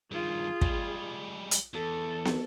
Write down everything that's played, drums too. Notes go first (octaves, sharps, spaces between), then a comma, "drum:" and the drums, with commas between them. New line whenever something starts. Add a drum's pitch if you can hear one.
G2 D#3 F4 G#4
G3 G#3, drum: kick
drum: hi-hat
E2 A4
drum: snare